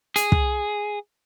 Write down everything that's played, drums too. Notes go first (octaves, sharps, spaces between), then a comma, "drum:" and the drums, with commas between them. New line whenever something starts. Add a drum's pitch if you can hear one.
G#4, drum: hi-hat
drum: kick